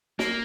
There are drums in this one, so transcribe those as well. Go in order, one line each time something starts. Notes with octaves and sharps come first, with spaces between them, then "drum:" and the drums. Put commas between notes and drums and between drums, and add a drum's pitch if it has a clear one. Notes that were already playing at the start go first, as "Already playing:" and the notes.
A#3, drum: snare